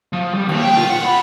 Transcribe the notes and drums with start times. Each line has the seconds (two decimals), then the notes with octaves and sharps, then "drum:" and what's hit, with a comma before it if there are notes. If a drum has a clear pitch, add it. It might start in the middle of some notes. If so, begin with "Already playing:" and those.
0.13 F3
0.34 G3
0.48 D#2, drum: cymbal
0.63 G5
0.77 F4, drum: tom A#2
0.90 F#5
1.05 B5